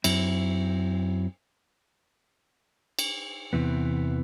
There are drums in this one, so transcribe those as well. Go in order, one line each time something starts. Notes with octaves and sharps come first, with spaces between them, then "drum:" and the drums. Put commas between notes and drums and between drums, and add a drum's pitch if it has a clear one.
F#2 F#3 C4 E4, drum: cymbal
drum: cymbal
E2 C3 E3 B3